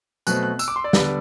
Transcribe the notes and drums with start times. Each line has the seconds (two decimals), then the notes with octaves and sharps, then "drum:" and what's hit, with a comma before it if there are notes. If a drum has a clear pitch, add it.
0.27 B2 F#3 A3 C4 F#6, drum: tambourine
0.43 F#6
0.59 E6, drum: tambourine
0.68 D6
0.76 C6
0.84 D5
0.93 D3 G3 B3, drum: snare